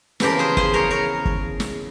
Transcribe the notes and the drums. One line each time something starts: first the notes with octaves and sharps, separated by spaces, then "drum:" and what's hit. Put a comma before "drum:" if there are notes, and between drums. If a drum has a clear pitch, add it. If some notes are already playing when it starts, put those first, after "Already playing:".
E2 C#3 F3 G4 A#4, drum: snare
G#4 C5
G#4 C5, drum: kick
A#4 C#5
A#4 C#5
drum: kick
drum: snare